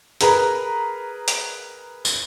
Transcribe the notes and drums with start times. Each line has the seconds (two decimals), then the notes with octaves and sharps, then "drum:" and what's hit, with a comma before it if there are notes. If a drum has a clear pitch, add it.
0.21 G#4 A#4 B4 A#5, drum: hi-hat
1.28 drum: hi-hat
2.05 drum: tambourine